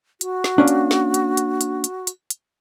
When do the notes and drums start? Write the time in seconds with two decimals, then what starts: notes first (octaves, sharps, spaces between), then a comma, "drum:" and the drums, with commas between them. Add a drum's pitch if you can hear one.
0.21 F#4, drum: hi-hat
0.44 drum: snare
0.58 A#3 C#4 D4
0.68 drum: hi-hat
0.91 drum: snare
1.14 drum: hi-hat
1.37 drum: hi-hat
1.61 drum: hi-hat
1.84 drum: hi-hat
2.07 drum: hi-hat
2.30 drum: hi-hat